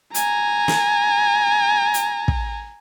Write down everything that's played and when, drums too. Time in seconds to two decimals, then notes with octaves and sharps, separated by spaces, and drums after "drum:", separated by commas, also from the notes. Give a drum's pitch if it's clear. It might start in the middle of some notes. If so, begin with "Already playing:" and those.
0.14 G#5 A#5, drum: hi-hat
0.68 drum: snare
1.94 drum: hi-hat
2.28 drum: kick